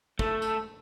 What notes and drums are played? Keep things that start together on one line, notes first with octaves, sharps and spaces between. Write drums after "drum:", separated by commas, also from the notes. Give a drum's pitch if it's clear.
A3, drum: kick
drum: tambourine